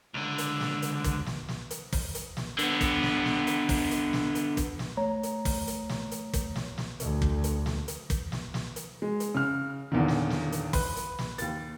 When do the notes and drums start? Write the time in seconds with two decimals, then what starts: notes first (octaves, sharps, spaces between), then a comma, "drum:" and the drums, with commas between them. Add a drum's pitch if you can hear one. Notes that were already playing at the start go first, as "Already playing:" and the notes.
0.14 C#2 D3
0.38 drum: hi-hat
0.60 drum: snare
0.82 drum: hi-hat
1.04 drum: kick, hi-hat
1.26 drum: snare
1.48 drum: snare
1.71 drum: hi-hat
1.93 drum: kick, open hi-hat
2.15 drum: hi-hat
2.37 drum: snare
2.59 D3 B3, drum: hi-hat
2.81 drum: kick, hi-hat
3.03 drum: snare
3.25 drum: snare
3.47 drum: hi-hat
3.69 drum: kick, open hi-hat
3.91 drum: hi-hat
4.13 drum: snare
4.35 drum: hi-hat
4.57 drum: kick, hi-hat
4.79 drum: snare
4.97 A3 C#5 A#5
5.23 drum: hi-hat
5.45 drum: kick, open hi-hat
5.67 drum: hi-hat
5.89 drum: snare
6.11 drum: hi-hat
6.33 drum: kick, hi-hat
6.56 drum: snare
6.78 drum: snare
7.00 D2, drum: hi-hat
7.22 drum: kick
7.44 drum: hi-hat
7.66 drum: snare
7.88 drum: hi-hat
8.10 drum: kick, hi-hat
8.32 drum: snare
8.54 drum: snare
8.76 drum: hi-hat
9.02 G#3
9.20 drum: hi-hat
9.35 C#3 F6
9.92 D#1 E2 D3 D#3
10.08 drum: snare
10.30 drum: snare
10.52 drum: hi-hat
10.73 B4, drum: kick, open hi-hat
10.96 drum: hi-hat
11.19 drum: snare
11.38 D#2 A6, drum: hi-hat